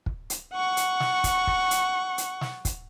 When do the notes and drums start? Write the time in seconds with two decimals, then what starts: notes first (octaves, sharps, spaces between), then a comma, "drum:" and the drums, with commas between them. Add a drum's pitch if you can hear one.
0.06 drum: kick
0.30 drum: hi-hat
0.53 F#5 C#6
0.77 drum: hi-hat
1.00 drum: snare
1.24 drum: kick, hi-hat
1.47 drum: kick
1.71 drum: hi-hat
2.18 drum: hi-hat
2.41 drum: snare
2.65 drum: kick, hi-hat